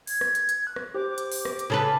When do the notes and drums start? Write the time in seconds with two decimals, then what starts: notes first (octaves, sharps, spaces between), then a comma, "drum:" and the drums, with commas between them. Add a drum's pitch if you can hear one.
0.07 G#6, drum: open hi-hat
0.21 drum: rim click
0.35 drum: hi-hat
0.49 drum: hi-hat
0.67 F#6
0.76 drum: rim click
0.94 G4 C5 D6
1.18 drum: hi-hat
1.32 drum: open hi-hat
1.45 drum: rim click
1.59 drum: hi-hat
1.70 C#3 A4 B4